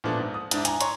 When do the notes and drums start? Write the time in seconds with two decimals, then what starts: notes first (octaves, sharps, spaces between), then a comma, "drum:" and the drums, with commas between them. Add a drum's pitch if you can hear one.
0.04 A#2 F3 A3 B3 D4
0.20 G#2
0.34 D#6
0.51 G#2 D4 E4, drum: hi-hat
0.65 G#5 A#5, drum: hi-hat
0.81 C#5 A#5 C6 C#6, drum: hi-hat